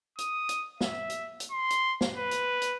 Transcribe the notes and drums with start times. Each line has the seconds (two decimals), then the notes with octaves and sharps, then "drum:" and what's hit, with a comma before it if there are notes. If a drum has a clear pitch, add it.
0.18 D#6, drum: hi-hat
0.49 drum: hi-hat
0.81 E5, drum: snare
1.10 drum: hi-hat
1.40 drum: hi-hat
1.52 C6
1.70 drum: hi-hat
2.01 drum: snare
2.17 B4
2.31 drum: hi-hat
2.62 drum: hi-hat